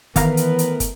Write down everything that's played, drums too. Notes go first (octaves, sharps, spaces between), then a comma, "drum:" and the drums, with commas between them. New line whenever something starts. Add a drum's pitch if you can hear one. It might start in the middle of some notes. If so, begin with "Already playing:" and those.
A2 D#3 E3 B3 A#4 B4 F5 A#5, drum: kick, hi-hat
drum: hi-hat
drum: hi-hat
drum: kick, hi-hat